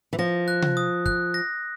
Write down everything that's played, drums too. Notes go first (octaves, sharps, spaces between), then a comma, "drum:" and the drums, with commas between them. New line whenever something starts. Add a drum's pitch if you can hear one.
E3
F3 A#6
F#6
drum: tom C3
D#6
F#6, drum: kick
A#6